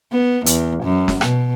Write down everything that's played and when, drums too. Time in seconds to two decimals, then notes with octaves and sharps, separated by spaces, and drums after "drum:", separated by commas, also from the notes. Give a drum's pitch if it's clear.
0.13 B3
0.46 E2, drum: hi-hat
0.84 F#2
1.08 drum: snare
1.21 B2, drum: rim click